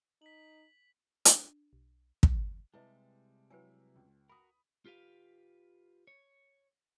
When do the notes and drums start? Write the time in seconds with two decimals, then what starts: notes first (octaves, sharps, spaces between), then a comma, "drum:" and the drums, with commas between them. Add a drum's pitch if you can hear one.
0.22 D#4 B6 F#7
1.25 D4, drum: hi-hat
1.73 B1
2.23 drum: kick
2.74 C3 G3 G#3 E4 B4 D#5 E5 A5
3.50 F#3 E4 B4 G5 G#5
3.96 C#2
4.30 F#4 A#4 B5 D#6
4.86 F4 G4 B4 F5
6.07 C#5